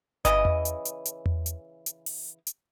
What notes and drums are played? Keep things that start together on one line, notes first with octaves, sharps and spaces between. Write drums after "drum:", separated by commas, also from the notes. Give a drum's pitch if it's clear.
C#3 E3 C#4 D#5, drum: kick G1, hi-hat
drum: tom E2
drum: hi-hat
drum: hi-hat
drum: hi-hat
drum: tom E2
drum: hi-hat
drum: hi-hat
drum: open hi-hat
drum: hi-hat